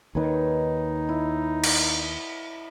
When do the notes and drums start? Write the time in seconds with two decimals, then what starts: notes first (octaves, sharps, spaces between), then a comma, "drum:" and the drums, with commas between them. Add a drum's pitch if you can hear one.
0.15 D#2 D#3 D#4 B4 C#5
1.09 E4
1.64 drum: cymbal